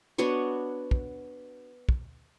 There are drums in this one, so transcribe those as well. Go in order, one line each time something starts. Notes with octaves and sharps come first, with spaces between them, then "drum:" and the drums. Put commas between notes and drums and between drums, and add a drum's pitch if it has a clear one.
B3 D4 F#4 C#5
drum: kick
drum: kick